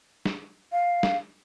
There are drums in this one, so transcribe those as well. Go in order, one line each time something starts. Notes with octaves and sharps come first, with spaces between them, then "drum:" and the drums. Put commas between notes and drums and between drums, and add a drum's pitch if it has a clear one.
drum: snare
F5
drum: snare